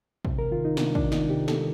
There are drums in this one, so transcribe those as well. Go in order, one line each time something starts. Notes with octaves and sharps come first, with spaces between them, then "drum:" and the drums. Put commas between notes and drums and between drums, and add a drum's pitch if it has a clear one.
C3, drum: kick
A#4
D#3 F4
D#4
C3 D4, drum: snare
D4, drum: kick
D#3
D#4, drum: snare
C3 G4
A4, drum: snare
D#3